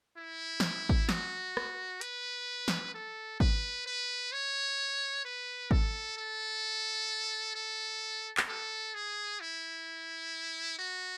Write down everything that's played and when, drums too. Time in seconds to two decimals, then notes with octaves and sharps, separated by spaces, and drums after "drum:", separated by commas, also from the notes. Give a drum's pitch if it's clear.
0.17 E4
0.60 drum: snare
0.89 drum: kick G#1
1.09 F#4, drum: snare
1.57 drum: rim click
2.01 B4, drum: hi-hat
2.68 drum: snare
2.94 A4
3.40 B4, drum: kick G#1
3.86 B4
4.32 C#5
5.25 B4
5.71 A4, drum: kick G#1
6.17 A4
7.55 A4
8.37 drum: clap
8.48 A4
8.94 G#4
9.41 E4
10.79 F#4